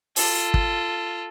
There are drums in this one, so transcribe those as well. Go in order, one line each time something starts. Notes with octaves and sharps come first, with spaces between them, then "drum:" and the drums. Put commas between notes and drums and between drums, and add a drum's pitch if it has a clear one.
F4 A4, drum: open hi-hat
drum: kick